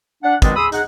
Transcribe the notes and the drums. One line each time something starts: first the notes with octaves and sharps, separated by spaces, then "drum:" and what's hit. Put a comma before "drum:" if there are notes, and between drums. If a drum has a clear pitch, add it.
D4 F#5
B2 D#3 G#3 C4 D4 D#4, drum: kick, hi-hat
G#4 B5 C6 D#6 E6
D#4 G#4 F#5, drum: hi-hat